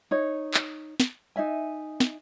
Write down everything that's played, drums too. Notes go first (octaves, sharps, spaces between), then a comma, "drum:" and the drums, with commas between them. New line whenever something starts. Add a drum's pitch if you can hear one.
D#4 C#5
drum: clap
drum: snare
D#4 D#5 E5 G#5
drum: snare